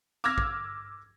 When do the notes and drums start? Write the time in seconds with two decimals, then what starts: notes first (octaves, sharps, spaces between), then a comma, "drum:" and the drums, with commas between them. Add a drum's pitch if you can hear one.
0.24 D6 E6 F6 G#6 A#6
0.38 drum: kick